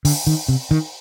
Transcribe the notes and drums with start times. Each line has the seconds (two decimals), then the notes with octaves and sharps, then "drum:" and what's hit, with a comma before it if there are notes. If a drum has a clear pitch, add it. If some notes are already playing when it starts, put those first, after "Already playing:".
0.05 D3, drum: open hi-hat
0.27 D#3
0.48 C3
0.71 D#3